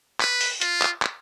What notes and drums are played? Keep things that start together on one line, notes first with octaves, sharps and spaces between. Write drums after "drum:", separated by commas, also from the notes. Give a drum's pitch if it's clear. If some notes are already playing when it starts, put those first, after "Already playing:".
B4, drum: clap
drum: open hi-hat
F4, drum: hi-hat
drum: clap
drum: clap